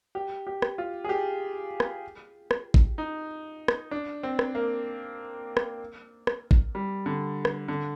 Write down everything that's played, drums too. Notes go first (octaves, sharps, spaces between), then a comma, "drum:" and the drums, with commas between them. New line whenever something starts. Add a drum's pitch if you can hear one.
G4
G4
drum: rim click
F4
G#4
G4
drum: rim click
drum: rim click
drum: kick
D#4
drum: rim click
D4
C4
drum: rim click
A#3
drum: rim click
drum: rim click
drum: kick
G3
D3
drum: rim click
D3